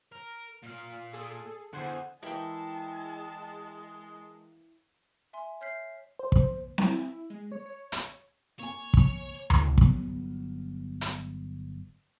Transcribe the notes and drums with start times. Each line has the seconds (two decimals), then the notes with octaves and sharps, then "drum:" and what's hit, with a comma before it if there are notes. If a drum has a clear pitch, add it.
0.12 A#4
0.63 A#2 F5
1.13 G#4 A4
1.73 E2 D3 C5 F#5 G#5
2.23 E3 G#3 A#3 E4 G4 G5 A5
5.33 E5 G#5 C6
5.61 C#5 E5 F6 G6 B6 C7
6.19 C5
6.32 drum: kick
6.78 drum: snare C4
6.88 E4
7.30 G#3
7.52 C#5
7.66 C#5
7.92 drum: hi-hat
8.59 A#3 C#5 G#5
8.94 drum: kick
9.50 drum: tom D2
9.78 G1 F#3 B3, drum: kick
11.01 drum: hi-hat